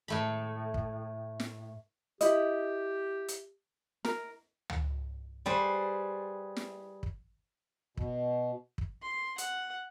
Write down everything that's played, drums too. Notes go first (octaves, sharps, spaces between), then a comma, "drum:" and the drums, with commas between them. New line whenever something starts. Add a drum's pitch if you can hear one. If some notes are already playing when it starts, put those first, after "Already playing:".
A2 A3 B5
drum: kick
drum: snare
E4 G4 D#5, drum: hi-hat
drum: hi-hat
A#4, drum: snare
drum: tom C#2
G3 G#4 B4 C5
drum: snare
drum: kick
B2, drum: kick
drum: kick
C6
F#5, drum: hi-hat